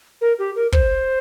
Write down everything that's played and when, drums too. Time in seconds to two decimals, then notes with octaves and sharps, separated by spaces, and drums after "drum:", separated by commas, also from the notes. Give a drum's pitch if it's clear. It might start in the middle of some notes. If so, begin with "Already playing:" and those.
0.21 A#4
0.39 G4
0.55 A#4
0.72 C5, drum: kick